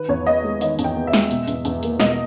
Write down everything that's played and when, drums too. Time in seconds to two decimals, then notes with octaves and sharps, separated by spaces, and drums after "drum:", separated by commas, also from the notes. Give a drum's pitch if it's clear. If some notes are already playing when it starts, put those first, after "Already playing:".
Already playing: D#3 B4
0.09 E2 C#5
0.26 B3 D#5
0.44 G#3
0.61 D#3 D#5, drum: hi-hat
0.79 E2, drum: hi-hat
0.84 G5
0.95 B3
1.07 E5
1.13 G#3, drum: snare
1.31 B2, drum: hi-hat
1.48 E2, drum: hi-hat
1.65 E2, drum: hi-hat
1.83 A#3, drum: hi-hat
2.00 B2 D#5, drum: snare